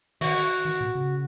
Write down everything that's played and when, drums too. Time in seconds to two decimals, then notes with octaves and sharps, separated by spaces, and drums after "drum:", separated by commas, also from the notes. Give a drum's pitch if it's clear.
0.21 D#3 F#4, drum: open hi-hat
0.65 D#3
0.81 A#2
0.95 C#3